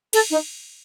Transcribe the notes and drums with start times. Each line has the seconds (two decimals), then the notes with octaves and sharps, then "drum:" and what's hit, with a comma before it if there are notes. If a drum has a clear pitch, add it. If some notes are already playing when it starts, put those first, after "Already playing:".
0.13 A4, drum: cymbal
0.30 D#4